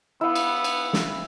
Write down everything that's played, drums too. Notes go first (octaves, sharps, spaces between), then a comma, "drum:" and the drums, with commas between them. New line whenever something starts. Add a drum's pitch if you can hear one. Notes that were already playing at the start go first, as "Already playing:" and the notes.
B3 E4 F5 E6
drum: cymbal
drum: cymbal
drum: snare